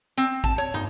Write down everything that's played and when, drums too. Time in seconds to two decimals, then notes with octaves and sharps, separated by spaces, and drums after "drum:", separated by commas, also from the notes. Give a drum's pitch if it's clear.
0.17 C4
0.44 A5, drum: kick A1
0.58 C#5
0.74 D#4, drum: tom